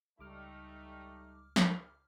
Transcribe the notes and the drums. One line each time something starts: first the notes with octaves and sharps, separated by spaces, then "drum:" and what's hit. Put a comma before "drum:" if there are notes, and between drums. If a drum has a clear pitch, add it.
C#2 G3 A3 D#4 D6 F6
drum: snare